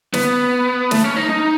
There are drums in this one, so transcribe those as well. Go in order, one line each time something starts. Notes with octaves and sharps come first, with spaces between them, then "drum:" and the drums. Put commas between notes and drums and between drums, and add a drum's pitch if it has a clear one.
B3, drum: snare
A3, drum: snare
C#4
D#4
D#4